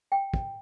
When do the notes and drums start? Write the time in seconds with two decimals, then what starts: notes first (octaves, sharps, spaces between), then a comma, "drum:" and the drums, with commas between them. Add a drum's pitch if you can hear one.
0.12 G5
0.34 drum: kick